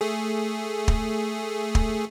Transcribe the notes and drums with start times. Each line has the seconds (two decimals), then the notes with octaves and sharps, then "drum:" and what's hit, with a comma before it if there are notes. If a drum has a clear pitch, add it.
0.01 A3 G#4
0.88 drum: kick
1.75 drum: kick